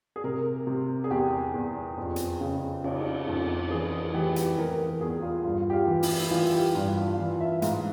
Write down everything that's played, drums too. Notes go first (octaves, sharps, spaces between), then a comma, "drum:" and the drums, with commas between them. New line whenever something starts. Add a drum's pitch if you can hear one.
G#4
C3 A#4
C3
G#4
E2 G4
E2
F2
drum: hi-hat
C#3
C#3, drum: cymbal
F2
E3 G#4
G#4
E3 G4
G4, drum: hi-hat
E3 A#4
A#4
E2 G#4
F4
G2 F4
G4
F4
E3
E4, drum: open hi-hat
E4
E3 F4
G4
G2 F4
F4
E3 F4
E5
G#2 F5, drum: hi-hat